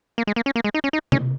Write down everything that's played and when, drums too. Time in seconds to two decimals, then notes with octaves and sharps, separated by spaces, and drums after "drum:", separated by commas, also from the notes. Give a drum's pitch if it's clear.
0.18 A#3
0.27 G#3
0.36 A#3
0.46 C#4
0.56 A#3
0.64 G#3
0.74 D#4
0.84 C#4
0.93 D#4
1.12 C#4, drum: tom C3